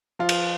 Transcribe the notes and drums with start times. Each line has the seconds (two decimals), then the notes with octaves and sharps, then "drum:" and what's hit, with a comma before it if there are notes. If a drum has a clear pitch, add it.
0.19 F3 F4
0.29 drum: cymbal